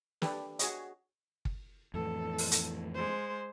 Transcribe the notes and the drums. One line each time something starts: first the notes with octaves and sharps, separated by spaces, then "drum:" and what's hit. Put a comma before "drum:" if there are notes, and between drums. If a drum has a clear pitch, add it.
D4 G4 A4 B4, drum: snare
F#4 G#4 C#5 D#5, drum: hi-hat
drum: kick
F2 A2 E3 A4
drum: open hi-hat
drum: hi-hat
G#3 C5